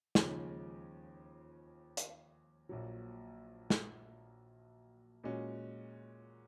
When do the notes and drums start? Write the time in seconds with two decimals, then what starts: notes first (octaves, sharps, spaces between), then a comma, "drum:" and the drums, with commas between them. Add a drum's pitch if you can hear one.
0.15 D#2 C#3 F3 G#3, drum: snare
1.97 drum: hi-hat
2.69 A#1 A#2 F#3
3.70 drum: snare
5.24 A#2 G#3 C#4 F#4